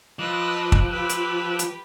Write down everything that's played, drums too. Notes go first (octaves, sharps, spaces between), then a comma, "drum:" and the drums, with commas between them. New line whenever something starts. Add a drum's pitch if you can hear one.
F3 B4 D#5 D6 E6 F#6
drum: kick
G4 B4
drum: hi-hat
drum: hi-hat